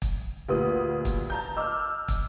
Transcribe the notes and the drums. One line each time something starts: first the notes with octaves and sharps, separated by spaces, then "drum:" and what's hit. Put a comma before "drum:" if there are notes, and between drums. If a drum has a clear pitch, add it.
drum: kick, hi-hat
D2 A#2 G4 B4 D#6
drum: kick, hi-hat
A5 A#5 G6
D#5 D6 E6 F6
drum: kick, hi-hat